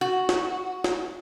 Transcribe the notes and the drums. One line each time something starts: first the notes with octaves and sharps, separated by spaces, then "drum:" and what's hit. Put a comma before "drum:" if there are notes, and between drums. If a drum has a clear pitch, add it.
F#4
drum: snare
drum: snare